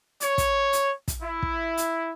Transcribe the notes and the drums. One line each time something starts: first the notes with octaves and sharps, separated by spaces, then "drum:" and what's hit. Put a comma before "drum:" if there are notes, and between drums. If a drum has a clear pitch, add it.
C#5, drum: hi-hat
drum: kick, hi-hat
drum: hi-hat
drum: kick, hi-hat
E4
drum: kick
drum: hi-hat